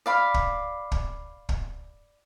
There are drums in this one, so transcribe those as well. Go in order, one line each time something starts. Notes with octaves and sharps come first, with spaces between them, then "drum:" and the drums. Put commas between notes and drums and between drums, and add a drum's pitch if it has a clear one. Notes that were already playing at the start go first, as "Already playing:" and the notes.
D5 F5 B5
drum: kick
drum: kick
drum: kick